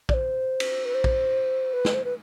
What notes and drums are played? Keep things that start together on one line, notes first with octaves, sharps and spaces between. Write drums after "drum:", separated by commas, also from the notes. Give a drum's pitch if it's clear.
D5, drum: kick
C5
drum: cymbal
B4
C5
drum: kick
B4
drum: snare
C5
B4